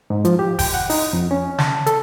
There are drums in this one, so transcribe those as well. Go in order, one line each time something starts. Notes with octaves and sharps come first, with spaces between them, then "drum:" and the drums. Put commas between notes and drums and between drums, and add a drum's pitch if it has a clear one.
G#2
F3, drum: hi-hat
G4
G5, drum: kick F#1, open hi-hat
F#5
D#4, drum: open hi-hat
F2
C#4
A5, drum: snare
A4, drum: hi-hat